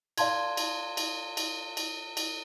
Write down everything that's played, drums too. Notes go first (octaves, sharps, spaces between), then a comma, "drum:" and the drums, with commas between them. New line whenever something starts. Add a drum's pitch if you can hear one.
D5 F5 A5 C6 G#6, drum: cymbal
drum: cymbal
drum: cymbal
drum: cymbal
drum: cymbal
drum: cymbal